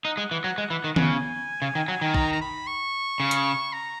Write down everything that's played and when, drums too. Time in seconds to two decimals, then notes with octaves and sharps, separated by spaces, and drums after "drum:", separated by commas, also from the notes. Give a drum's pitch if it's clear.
0.05 D#4 F#5
0.17 G#3
0.31 E3
0.44 F#3
0.58 G#3
0.70 E3
0.84 D#3
0.96 C#3, drum: tom D#3
1.09 G#5
1.62 C#3
1.75 D#3
1.88 F#3
2.01 D#3
2.14 A#5, drum: kick
2.32 A#5
2.41 B5
2.67 C#6
3.20 C#3
3.31 drum: hi-hat
3.73 A#5